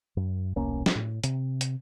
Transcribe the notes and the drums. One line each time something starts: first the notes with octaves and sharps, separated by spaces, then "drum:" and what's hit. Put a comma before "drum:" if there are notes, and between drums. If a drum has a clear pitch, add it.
F#2
D#1 B1 A#3 C#4
drum: snare
A2
C3, drum: hi-hat
drum: hi-hat